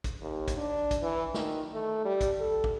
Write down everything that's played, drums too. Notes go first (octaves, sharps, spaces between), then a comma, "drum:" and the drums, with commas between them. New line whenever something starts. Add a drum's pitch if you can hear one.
drum: kick, hi-hat
D#2
drum: kick, hi-hat
D4
drum: kick, hi-hat
E3
D#3, drum: snare
A3
G3
drum: kick, hi-hat
A4
drum: kick